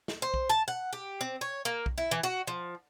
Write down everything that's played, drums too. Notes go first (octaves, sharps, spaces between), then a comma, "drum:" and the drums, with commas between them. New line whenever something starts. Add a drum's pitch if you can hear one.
drum: snare
C5
drum: kick B1
A5
F#5
G4
C4
C#5
A#3
drum: kick B1
E4
E3
F#4
F3